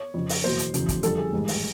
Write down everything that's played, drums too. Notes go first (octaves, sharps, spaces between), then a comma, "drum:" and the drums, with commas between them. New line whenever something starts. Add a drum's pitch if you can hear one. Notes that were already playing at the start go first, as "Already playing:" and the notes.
Already playing: C#5
F2 C#3 F3
drum: open hi-hat
F#1 E2 B2 F#3 C5
drum: hi-hat
F1 E2 C#3 F#3, drum: hi-hat
drum: kick, hi-hat
F2 D3 G3 A4, drum: hi-hat
G#4
A1 G#2 D#3 G3
drum: open hi-hat